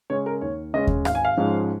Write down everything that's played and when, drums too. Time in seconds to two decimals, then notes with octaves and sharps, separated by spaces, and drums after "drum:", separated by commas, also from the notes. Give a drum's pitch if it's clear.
0.10 C#3 G#3 C#4 C#5
0.26 A#4
0.41 D#2 C#5
0.73 C#3 G#3 C#4 D#5
0.87 drum: kick D#2
1.05 G#1 F5, drum: rim click
1.15 G#5
1.25 F5
1.37 G#2 F3 G#3 C#4